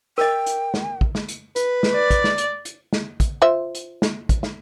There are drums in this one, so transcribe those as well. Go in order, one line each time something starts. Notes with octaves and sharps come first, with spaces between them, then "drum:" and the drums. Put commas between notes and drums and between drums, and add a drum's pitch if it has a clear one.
A#4 D#5 G5
drum: hi-hat
drum: snare
drum: kick
drum: snare
drum: hi-hat
B4, drum: hi-hat
drum: snare
D5
drum: kick, hi-hat
drum: snare
drum: hi-hat
drum: hi-hat
drum: snare
drum: kick, hi-hat
F4 C5 E5
drum: hi-hat
drum: snare
drum: kick, hi-hat
drum: snare